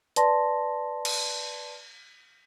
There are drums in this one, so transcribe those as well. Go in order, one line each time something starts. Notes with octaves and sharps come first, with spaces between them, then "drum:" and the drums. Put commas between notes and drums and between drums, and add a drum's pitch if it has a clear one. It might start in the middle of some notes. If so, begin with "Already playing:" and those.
B4 D5 A5 C6 A#6, drum: hi-hat
drum: cymbal